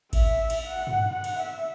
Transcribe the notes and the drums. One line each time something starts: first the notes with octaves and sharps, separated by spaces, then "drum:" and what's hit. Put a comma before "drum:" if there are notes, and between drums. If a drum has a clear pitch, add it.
E5, drum: kick G#1, cymbal
drum: cymbal
F#5
drum: tom G2
F#5
drum: cymbal
E5